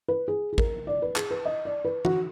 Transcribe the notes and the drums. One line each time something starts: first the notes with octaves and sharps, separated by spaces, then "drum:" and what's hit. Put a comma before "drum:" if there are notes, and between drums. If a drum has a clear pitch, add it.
B4
G#4
G#4
A#4, drum: kick
D5
B4
G#4, drum: clap
B4
D#5
D5
B4
F#4, drum: tom E3